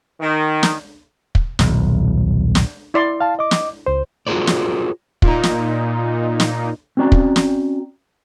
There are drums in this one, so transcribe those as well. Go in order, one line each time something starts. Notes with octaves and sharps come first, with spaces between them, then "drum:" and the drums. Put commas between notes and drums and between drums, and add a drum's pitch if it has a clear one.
D#3
drum: snare
drum: kick
D#1 B1, drum: snare
drum: snare
E4 D5 C6
F5 A5
D#5 D6
drum: snare
C#2 C5
F4 F#4 G#4 A#4 C5 D5
drum: snare
A#2 D#4, drum: kick
drum: snare
drum: snare
C4 C#4 F#4 D5 G5 A#5
drum: kick
drum: snare